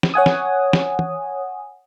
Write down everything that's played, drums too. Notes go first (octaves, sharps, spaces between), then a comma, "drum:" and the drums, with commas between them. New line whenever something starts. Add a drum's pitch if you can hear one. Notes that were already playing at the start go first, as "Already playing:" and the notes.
drum: snare
C#5 F#5 G#5 D#6
drum: snare
drum: snare
drum: tom